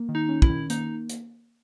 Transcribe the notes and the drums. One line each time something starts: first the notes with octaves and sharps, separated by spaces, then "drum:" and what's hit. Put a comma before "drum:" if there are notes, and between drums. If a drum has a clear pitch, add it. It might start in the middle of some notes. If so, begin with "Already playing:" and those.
Already playing: A#3
D#3
D#4
C#4
E4, drum: kick
D#3
A#3 D#4, drum: hi-hat
drum: hi-hat